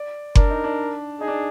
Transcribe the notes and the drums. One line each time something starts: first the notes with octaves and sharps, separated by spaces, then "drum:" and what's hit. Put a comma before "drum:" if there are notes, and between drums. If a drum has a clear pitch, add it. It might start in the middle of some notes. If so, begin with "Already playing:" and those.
Already playing: D5
D4 A#4, drum: kick F#1
D#4
D4
D#4 G#4
D4